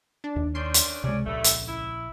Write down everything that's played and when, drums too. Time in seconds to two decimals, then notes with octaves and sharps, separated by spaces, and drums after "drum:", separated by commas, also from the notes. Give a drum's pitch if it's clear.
0.24 D4
0.36 D#2
0.55 D#3 C#4 D4 C6 G6
0.74 drum: hi-hat
1.04 C#2 C3 G#3 C#4 D5
1.26 A#1 G2 A3
1.44 drum: hi-hat
1.68 E4